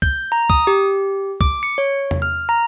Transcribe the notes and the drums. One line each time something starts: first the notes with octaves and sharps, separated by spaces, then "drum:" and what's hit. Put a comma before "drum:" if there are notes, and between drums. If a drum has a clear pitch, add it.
G6, drum: kick
A#5
D#6, drum: kick
G4
D6, drum: kick
C#7
C#5
drum: tom E2
F6
A#5